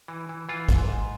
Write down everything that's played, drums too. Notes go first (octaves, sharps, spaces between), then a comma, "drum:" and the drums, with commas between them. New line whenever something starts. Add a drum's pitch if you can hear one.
E3
E3
E3 F4
G#2, drum: kick, hi-hat
G#2